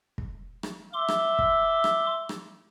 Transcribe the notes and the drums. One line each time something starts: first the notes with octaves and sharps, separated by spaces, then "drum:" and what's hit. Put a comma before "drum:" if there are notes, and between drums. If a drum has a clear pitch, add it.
drum: kick
drum: rim click
E5 C6 D6
drum: rim click
drum: kick
drum: rim click
drum: rim click